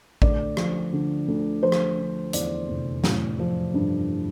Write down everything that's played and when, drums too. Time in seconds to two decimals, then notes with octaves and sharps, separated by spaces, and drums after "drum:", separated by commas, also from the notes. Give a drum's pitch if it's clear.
0.22 D2 D5, drum: kick A1
0.57 F3, drum: rim click
0.92 D3
1.28 D2
1.63 F3 C5
1.72 drum: rim click
1.98 D3
2.33 E2 D5, drum: hi-hat
2.69 F1
3.04 A1, drum: snare
3.39 F3
3.74 G2